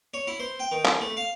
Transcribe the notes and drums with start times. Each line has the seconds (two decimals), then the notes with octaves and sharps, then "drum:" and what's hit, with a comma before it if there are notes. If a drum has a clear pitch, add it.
0.14 C#5
0.27 E4
0.40 C5
0.60 G5
0.72 D#3
0.85 C2, drum: clap
1.01 A3
1.17 F5